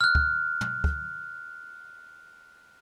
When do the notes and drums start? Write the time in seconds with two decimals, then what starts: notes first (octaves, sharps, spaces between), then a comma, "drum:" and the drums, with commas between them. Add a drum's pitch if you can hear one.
0.01 F6 F#6
0.15 drum: kick
0.61 drum: tom
0.84 drum: kick